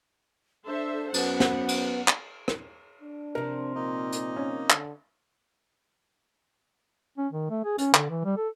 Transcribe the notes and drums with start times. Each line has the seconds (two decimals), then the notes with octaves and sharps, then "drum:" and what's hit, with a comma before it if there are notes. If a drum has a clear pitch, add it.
0.67 D4 A4 C5 E5
1.14 F#2 B3 C5 F#5, drum: cymbal
1.40 drum: snare
1.68 drum: cymbal
2.08 drum: clap
2.48 drum: rim click
3.01 D4
3.35 C3 F3 A#4
3.75 A#2 A#3 D#4 D#5
4.12 drum: hi-hat
4.36 C#4
4.70 D3, drum: clap
7.18 C#4
7.33 D#3
7.50 A3
7.65 G#4
7.78 C#4, drum: hi-hat
7.94 D3, drum: clap
8.09 E3
8.25 G3
8.37 A4